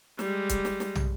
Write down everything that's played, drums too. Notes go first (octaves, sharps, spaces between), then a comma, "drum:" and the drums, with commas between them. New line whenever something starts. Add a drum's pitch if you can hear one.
G3 G#3, drum: snare
drum: kick C#1, hi-hat
drum: snare
drum: snare
drum: tom